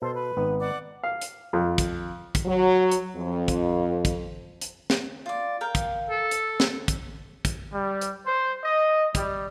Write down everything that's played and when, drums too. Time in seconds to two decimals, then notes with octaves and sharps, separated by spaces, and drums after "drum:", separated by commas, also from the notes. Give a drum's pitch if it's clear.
0.02 B2 A4 C5
0.15 B4
0.37 G#1 B3 D#4
0.60 D5 F#5 D6
1.03 F5
1.21 drum: hi-hat
1.53 F2
1.78 drum: kick, hi-hat
2.35 drum: kick, hi-hat
2.46 F#3
2.91 drum: hi-hat
3.15 F2
3.48 drum: kick, hi-hat
4.05 drum: kick, hi-hat
4.61 drum: hi-hat
4.90 drum: snare
5.26 F4 D5
5.61 A#4 F5 G5
5.75 drum: kick, hi-hat
6.10 A4
6.31 drum: hi-hat
6.60 drum: snare
6.88 drum: kick, hi-hat
7.45 drum: kick, hi-hat
7.73 G3
8.01 drum: hi-hat
8.26 C5
8.63 D#5
9.15 G3, drum: kick, hi-hat